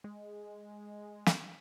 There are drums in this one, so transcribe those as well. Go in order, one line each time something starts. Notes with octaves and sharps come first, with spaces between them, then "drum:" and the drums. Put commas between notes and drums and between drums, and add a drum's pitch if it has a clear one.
G#3
drum: snare